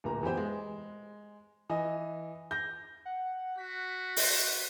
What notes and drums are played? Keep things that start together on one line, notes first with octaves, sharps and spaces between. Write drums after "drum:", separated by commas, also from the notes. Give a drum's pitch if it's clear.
D1 A#2 A#5
E3 B3 G4 C5
G#3
E3 D#5
G6 A#6
F#5
F#4 B6
B6, drum: open hi-hat